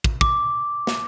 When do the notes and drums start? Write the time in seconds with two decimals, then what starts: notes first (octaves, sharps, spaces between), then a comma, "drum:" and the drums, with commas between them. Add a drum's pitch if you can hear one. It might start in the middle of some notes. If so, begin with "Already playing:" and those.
0.04 drum: kick
0.21 D6, drum: kick
0.87 drum: snare